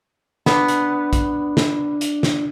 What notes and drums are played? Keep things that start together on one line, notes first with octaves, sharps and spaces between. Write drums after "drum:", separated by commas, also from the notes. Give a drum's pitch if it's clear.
B3 D4, drum: snare
drum: hi-hat
drum: kick, hi-hat
drum: snare
drum: hi-hat
drum: snare